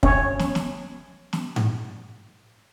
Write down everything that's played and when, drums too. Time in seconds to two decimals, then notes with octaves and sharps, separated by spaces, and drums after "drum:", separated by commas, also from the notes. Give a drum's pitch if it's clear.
0.03 C#4 C#5, drum: kick
0.39 drum: snare
0.55 drum: snare
1.33 drum: snare
1.56 drum: tom G#2